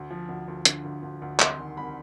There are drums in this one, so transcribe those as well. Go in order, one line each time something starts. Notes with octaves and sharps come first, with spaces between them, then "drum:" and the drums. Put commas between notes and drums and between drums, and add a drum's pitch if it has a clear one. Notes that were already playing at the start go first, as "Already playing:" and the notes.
Already playing: D2
F3
D2
D2
D3, drum: hi-hat
D2
D2
D2
C2 C6, drum: clap
D#3
C2 B5